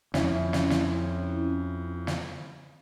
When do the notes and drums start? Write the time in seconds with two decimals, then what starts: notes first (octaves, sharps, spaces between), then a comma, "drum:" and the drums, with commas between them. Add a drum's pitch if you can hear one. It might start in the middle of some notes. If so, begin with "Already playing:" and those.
0.14 F2 C#4 E4, drum: snare
0.53 drum: snare
0.70 drum: snare
2.07 drum: snare